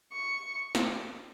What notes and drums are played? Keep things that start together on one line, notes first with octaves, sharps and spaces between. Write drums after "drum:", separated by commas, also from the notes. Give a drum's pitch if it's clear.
C#6
drum: snare